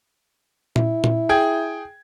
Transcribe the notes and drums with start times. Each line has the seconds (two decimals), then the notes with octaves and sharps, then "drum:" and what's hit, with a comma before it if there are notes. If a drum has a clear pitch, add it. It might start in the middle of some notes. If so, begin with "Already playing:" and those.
0.76 E4, drum: tom A#2
1.04 drum: tom A#2
1.29 G#4 G5 G#6